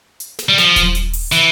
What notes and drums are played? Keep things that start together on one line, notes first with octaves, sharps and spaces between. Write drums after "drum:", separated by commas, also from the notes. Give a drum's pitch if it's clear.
drum: hi-hat
drum: snare
G3
F3, drum: snare
drum: kick D#1, hi-hat
drum: hi-hat
drum: open hi-hat
E3, drum: hi-hat